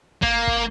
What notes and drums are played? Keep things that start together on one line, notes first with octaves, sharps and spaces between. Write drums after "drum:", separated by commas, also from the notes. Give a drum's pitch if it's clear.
A#3, drum: kick
drum: kick